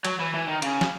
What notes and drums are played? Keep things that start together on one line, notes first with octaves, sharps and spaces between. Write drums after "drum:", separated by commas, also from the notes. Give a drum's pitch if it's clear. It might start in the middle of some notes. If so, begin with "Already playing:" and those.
F#3, drum: cymbal
E3
E3
D#3
C#3, drum: cymbal
drum: snare